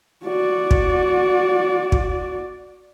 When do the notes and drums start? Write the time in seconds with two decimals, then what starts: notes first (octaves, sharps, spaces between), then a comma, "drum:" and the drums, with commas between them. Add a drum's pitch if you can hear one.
0.25 F#4 D5
0.71 drum: kick
1.92 drum: kick